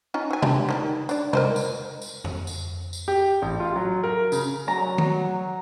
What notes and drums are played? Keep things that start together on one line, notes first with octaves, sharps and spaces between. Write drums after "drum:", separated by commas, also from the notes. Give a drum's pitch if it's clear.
C#4 D#4 F4
F#3 G#5
D4 G4, drum: tom C3
D#3 F#3 G3
D4 D5, drum: tambourine
A#4 C5 D#5, drum: tom C3
drum: tambourine
drum: tambourine
drum: tom F2
drum: tambourine
drum: tambourine
G4
A1
F4
F#3
A#4
C#3, drum: tambourine
F#3 A#5
drum: tom D#3